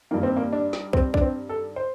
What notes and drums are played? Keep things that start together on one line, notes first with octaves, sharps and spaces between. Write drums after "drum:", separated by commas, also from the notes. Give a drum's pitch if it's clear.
G2 D#3 A#3
C4
A#3
D4
drum: snare
C4, drum: kick
D4, drum: kick
C4
A4
C5